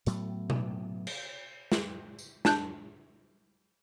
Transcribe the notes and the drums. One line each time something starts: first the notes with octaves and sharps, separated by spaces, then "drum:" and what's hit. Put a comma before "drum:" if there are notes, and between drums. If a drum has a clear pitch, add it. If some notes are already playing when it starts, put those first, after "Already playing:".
A2 F#3 A3 B3, drum: hi-hat
drum: tom B2
drum: cymbal
drum: snare
drum: tambourine
D4 A5 F#6 G6, drum: snare